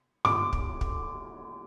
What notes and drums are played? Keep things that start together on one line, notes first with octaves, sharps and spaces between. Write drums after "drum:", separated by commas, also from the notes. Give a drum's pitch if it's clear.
D6, drum: tom G2
drum: kick
drum: kick